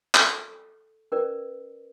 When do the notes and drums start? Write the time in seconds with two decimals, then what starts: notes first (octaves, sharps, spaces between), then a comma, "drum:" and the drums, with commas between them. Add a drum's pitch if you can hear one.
0.15 A4, drum: clap
1.12 C#4 A#4 B4 D5